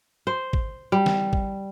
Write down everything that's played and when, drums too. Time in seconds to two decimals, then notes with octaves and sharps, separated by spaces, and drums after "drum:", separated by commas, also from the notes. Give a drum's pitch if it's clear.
0.27 C5
0.53 drum: kick G#1
0.92 G3
1.06 drum: snare
1.33 drum: kick G#1